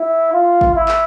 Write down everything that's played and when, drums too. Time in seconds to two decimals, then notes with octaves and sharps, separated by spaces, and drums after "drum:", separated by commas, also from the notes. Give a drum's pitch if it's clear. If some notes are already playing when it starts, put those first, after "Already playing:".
Already playing: E4
0.33 F4
0.61 drum: kick
0.75 E4
0.88 drum: clap